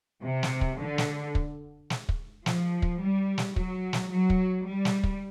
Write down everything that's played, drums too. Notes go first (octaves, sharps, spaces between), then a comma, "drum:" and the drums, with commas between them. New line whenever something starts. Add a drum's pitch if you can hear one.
C3
drum: snare
drum: kick
D3
drum: snare
drum: kick
drum: snare
drum: kick
F3, drum: snare
drum: kick
G3
drum: snare
F#3, drum: kick
drum: snare
F#3
drum: kick
G3
drum: snare
drum: kick